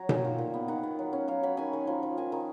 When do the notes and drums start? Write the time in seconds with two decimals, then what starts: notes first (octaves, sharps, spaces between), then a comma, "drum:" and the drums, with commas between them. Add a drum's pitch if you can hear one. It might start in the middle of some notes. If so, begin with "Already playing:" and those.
Already playing: F#3 C#5 A#5
0.09 D#3 G#5, drum: tom B2
0.25 F4
0.38 A#2
0.54 B3
0.68 D#3 F#5
0.83 B3
0.99 F#3
1.13 C#4
1.28 F#3 F5
1.43 F#3 B5
1.57 D#3 G#5
1.73 D#3
1.87 F3
2.03 F3
2.17 D#3 G#5
2.32 D#3